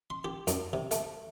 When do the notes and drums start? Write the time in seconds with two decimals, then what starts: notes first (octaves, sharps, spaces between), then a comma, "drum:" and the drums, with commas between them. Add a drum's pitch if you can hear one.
0.10 C6
0.25 G4
0.47 F#2, drum: hi-hat
0.73 C3
0.91 A3, drum: hi-hat